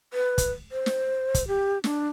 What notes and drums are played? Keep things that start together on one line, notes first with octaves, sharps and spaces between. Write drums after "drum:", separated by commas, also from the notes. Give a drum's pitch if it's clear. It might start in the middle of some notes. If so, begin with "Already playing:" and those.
B4
drum: kick, hi-hat
C5
drum: snare
drum: kick, hi-hat
G4
D4, drum: snare